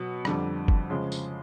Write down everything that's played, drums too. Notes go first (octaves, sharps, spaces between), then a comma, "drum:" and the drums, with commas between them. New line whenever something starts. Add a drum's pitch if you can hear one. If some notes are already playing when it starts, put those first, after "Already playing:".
Already playing: B2 F#3 B3
F2 D3 G3, drum: rim click
drum: kick
C#3 F3 G#3
drum: tambourine